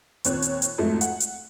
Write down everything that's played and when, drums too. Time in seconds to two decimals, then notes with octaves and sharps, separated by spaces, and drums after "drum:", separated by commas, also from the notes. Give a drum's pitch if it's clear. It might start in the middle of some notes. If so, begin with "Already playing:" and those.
0.25 D#2 A#2 C4 C#5 F#6, drum: hi-hat
0.42 drum: hi-hat
0.62 drum: hi-hat
0.78 F2 G#2 F#3 A3
1.01 F#5, drum: hi-hat
1.20 drum: hi-hat